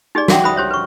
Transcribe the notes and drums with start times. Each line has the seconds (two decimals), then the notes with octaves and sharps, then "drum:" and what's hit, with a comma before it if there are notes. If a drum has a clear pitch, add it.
0.15 D#4 G4 G#4 D5
0.28 F#4 G#4 E5 F#5 G5, drum: snare
0.44 C5 E5 B5 D#6
0.56 G4 C5 C#5 E5
0.71 B4 C#6